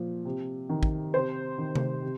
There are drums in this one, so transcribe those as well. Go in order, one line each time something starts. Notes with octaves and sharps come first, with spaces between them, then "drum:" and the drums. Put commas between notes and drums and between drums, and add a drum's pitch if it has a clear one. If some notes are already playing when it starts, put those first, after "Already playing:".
Already playing: A#2 F3
C3
D#3
drum: kick
C3 C5
D#3
drum: tom C3
C3